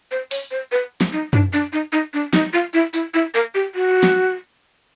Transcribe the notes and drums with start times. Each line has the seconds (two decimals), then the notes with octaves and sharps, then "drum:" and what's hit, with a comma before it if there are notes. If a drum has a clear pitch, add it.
0.11 C5
0.31 C#5, drum: open hi-hat
0.51 C5
0.72 B4
1.01 drum: snare
1.12 D#4
1.33 D4, drum: tom F#2
1.53 D4
1.73 D#4
1.92 D#4
2.14 D4
2.33 D#4, drum: snare
2.53 F4
2.74 E4
2.94 E4, drum: tambourine
3.14 E4
3.35 A#4
3.55 G4
3.75 F#4
4.03 drum: snare